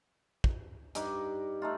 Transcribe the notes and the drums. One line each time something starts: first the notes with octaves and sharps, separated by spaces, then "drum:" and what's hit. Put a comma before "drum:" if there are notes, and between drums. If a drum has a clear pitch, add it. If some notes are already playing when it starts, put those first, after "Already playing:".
drum: kick
G2 D#4 D6, drum: hi-hat
A3 D#4 F4